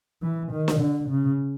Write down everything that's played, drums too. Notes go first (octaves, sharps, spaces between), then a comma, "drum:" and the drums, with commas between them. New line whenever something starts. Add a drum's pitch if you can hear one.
E3
D#3
drum: snare
D3
C#3